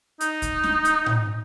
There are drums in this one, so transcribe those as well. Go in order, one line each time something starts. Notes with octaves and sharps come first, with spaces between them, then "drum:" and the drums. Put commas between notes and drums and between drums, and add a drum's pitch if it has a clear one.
D#4, drum: hi-hat
drum: kick C2, hi-hat
drum: snare
drum: hi-hat
drum: tom A2